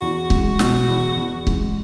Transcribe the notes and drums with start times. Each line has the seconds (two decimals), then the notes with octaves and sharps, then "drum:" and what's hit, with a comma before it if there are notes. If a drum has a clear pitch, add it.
0.02 E2 F#4
0.30 G#3, drum: kick C#1
0.59 B2, drum: snare
0.88 E2
1.17 E2
1.47 G#3, drum: kick C#1